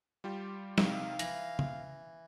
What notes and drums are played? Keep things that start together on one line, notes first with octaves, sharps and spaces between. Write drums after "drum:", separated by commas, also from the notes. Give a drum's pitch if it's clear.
G3 F4 G4
C3 D#3 F5, drum: snare
E3 A#6, drum: hi-hat
drum: tom C#3